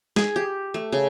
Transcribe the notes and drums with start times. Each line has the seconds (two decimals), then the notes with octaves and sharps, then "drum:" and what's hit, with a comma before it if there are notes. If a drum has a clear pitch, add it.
0.16 G#4, drum: snare
0.36 G4
0.74 A3
0.92 C#3